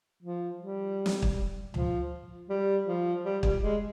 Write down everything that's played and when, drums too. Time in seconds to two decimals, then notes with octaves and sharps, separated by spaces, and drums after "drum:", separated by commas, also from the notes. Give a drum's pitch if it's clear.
0.23 F3
0.61 G3
1.06 drum: snare
1.22 drum: kick
1.74 F3, drum: tom C#2
2.50 G3
2.87 F3
3.24 G3
3.43 G3, drum: kick
3.62 G#3